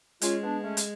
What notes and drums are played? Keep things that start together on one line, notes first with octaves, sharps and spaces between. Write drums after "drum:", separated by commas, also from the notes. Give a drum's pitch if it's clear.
G#3 C#4 F4, drum: hi-hat
B3 D4
A3 C#4
drum: hi-hat